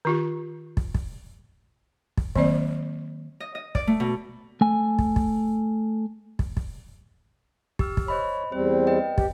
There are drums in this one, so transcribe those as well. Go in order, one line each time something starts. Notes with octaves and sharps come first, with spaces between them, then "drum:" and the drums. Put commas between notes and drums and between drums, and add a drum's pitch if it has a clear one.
D#3 F4 G4
drum: kick
drum: kick
drum: kick
D#3 F#3 A#3 C4 C5 D5, drum: kick
D#5
D#5
D5, drum: kick
A3
B2
A3 G#5
drum: kick
drum: kick
drum: kick
drum: kick
G4 E6 F6, drum: kick
drum: kick
C5 C#5 D#5 B5
E2 G3 C4 C5
B4 D#5 G5
G4, drum: kick